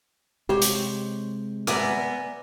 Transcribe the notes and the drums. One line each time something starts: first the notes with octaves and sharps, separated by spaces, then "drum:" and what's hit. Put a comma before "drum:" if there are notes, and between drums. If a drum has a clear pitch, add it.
C3 G#3 G4 C5 C#5
drum: hi-hat
B3 D5 E5 G#5 A#5, drum: rim click